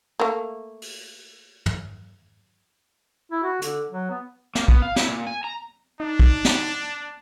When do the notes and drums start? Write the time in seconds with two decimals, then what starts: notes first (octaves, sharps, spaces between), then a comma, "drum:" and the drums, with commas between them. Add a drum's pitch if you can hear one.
0.20 A3 A#3
0.82 drum: open hi-hat
1.66 drum: tom
3.32 E4
3.44 F#4
3.62 D3, drum: hi-hat
3.90 F#3
4.10 B3
4.55 A#3, drum: snare
4.68 B3, drum: kick
4.82 F5
4.96 E4, drum: snare
5.08 A#2
5.27 G#5
5.44 A#5
6.00 D4 D#4
6.19 drum: kick
6.45 drum: snare